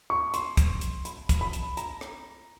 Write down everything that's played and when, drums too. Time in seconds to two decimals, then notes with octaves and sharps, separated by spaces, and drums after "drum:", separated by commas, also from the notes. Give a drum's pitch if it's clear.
0.10 C#6
0.34 C6, drum: hi-hat
0.57 drum: kick, hi-hat
0.81 drum: hi-hat
1.05 B5, drum: hi-hat
1.29 drum: kick, hi-hat
1.41 B5
1.53 drum: hi-hat
1.77 A#5, drum: hi-hat
2.01 drum: rim click